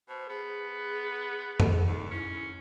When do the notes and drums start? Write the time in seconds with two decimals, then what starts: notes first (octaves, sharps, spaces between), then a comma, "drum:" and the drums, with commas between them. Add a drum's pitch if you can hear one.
0.09 B2 C5
0.29 B3 G#4
1.60 drum: tom F2
1.87 E2 D#4
2.11 C#4 E4